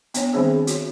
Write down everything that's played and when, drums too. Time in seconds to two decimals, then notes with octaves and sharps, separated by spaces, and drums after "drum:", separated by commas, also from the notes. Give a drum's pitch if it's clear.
0.14 B3 D4 C#5, drum: hi-hat
0.33 D#3 G3 C4 D4 G#4 C#5
0.67 F#4 C#5, drum: hi-hat